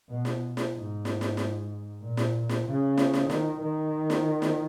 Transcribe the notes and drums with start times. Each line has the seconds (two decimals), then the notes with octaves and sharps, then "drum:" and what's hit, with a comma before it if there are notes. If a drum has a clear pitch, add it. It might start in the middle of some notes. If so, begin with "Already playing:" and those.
0.09 B2
0.25 drum: snare
0.57 drum: snare
0.73 G#2
1.05 drum: snare
1.21 drum: snare
1.37 drum: snare
2.01 A#2
2.17 drum: snare
2.49 drum: snare
2.65 C#3
2.98 drum: snare
3.14 drum: snare
3.30 D#3, drum: snare
3.61 D#3
4.10 drum: snare
4.42 drum: snare